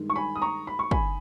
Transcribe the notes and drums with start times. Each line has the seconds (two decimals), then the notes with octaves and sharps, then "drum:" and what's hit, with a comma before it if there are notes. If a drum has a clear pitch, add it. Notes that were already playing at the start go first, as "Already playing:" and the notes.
Already playing: G2 D#3 G#3
0.10 C#6
0.16 G#5 B5
0.36 D#6
0.42 A#5 C#6
0.67 B5
0.79 C#6
0.91 G#5 B5, drum: kick